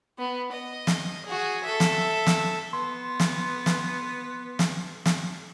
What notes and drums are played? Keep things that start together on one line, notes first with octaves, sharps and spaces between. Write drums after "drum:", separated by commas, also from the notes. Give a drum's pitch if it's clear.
B3
D#5
drum: snare
F#4 G#4
A4 E5
drum: snare
drum: snare
B3 C6
drum: snare
drum: snare
drum: snare
drum: snare